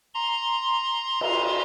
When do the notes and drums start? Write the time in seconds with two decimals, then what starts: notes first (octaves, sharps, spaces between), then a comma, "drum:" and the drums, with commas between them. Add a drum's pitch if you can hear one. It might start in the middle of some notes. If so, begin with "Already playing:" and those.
0.14 A#5 C6
1.21 drum: cymbal